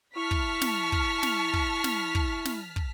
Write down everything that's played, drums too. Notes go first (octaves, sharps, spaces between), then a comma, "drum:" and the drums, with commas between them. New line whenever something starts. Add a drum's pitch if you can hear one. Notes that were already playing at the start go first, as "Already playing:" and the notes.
E4 A5 C#6 F6 B6
drum: kick
drum: snare
drum: kick
drum: snare
drum: kick
drum: snare
drum: kick
drum: snare
drum: kick